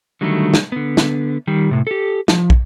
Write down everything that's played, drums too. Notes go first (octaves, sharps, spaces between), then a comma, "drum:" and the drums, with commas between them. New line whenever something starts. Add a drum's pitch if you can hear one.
D3 D#3 F#3 G3 A3
drum: snare
D3 B3
drum: snare
D#3 G3
A2 C3
G4 A4
F3, drum: snare
drum: kick